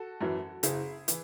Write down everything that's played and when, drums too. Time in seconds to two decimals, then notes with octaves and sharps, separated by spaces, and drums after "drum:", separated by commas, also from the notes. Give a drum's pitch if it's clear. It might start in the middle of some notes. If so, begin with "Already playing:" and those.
Already playing: F#4 A4
0.21 F#2 E3
0.63 F#1 E4 G#4, drum: hi-hat
1.08 E3, drum: hi-hat